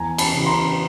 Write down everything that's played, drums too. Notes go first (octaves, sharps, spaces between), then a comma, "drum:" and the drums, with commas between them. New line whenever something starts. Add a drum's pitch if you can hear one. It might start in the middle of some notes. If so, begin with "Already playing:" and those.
Already playing: E2 G#5 A#5
A5 B5, drum: cymbal
C#3 E3
A#5 C6